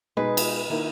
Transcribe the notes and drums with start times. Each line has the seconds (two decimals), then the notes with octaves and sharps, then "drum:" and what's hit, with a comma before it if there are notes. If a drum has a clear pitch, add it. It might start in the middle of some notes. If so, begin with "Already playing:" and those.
0.17 B2 G#3 D#4 G#4 B4
0.37 drum: cymbal
0.70 D#3 A#3 E4